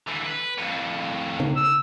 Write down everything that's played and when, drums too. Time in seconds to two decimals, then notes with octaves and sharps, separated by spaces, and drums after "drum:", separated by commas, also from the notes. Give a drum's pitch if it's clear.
0.09 D3 E3
0.26 B4
0.58 F2 A2
1.40 drum: tom C#3
1.56 E6